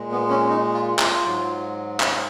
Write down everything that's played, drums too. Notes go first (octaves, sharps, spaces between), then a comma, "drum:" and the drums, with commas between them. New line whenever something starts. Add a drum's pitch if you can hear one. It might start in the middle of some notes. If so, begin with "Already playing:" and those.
Already playing: A#2 G#3
B3
C#4
D#4
F4
F4, drum: clap
G#2 F#3
drum: clap